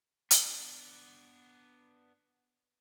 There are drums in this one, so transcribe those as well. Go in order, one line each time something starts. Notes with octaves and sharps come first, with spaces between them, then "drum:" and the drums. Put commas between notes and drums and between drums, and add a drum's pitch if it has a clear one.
B3 D4, drum: hi-hat